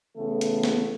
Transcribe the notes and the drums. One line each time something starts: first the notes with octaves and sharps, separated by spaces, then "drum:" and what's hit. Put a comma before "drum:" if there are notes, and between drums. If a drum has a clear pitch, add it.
C#3 E3 A3 B3 A4
drum: hi-hat
drum: snare